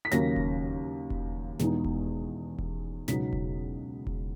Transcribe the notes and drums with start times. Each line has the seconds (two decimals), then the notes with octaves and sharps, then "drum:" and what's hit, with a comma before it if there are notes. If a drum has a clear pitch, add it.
0.05 B6
0.11 D#2 C#3 F#3 A#3 A#6, drum: snare
0.36 drum: kick E1
1.10 drum: kick E1
1.59 E2 B2 G#3 B3 D#4, drum: snare
1.84 drum: kick E1
2.59 drum: kick E1
3.08 C#2 B2 F#3 B3 D#4 B6, drum: snare
3.33 drum: kick E1
4.07 drum: kick E1